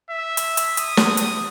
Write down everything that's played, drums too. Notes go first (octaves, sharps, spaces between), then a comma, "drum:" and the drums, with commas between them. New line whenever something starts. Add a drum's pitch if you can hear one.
E5
drum: hi-hat
drum: hi-hat
D#6, drum: hi-hat
drum: snare
drum: hi-hat